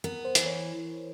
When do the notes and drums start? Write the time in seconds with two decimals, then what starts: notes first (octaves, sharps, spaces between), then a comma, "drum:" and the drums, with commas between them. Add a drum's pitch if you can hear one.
0.04 B3 A#4
0.25 C5
0.35 E3, drum: hi-hat
0.46 C#5